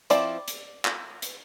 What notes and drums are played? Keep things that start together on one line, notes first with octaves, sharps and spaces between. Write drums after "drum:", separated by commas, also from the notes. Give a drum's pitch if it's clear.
F3 C4 E4 D5, drum: hi-hat
drum: hi-hat
drum: clap
drum: hi-hat